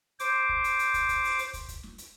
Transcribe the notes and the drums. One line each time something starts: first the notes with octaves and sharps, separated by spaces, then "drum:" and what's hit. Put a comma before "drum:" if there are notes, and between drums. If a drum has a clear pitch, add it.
C5 D6, drum: hi-hat
drum: kick
drum: hi-hat
drum: hi-hat
drum: kick, hi-hat
drum: kick, hi-hat
drum: open hi-hat
drum: hi-hat
drum: kick, hi-hat
drum: kick, hi-hat
drum: snare
drum: hi-hat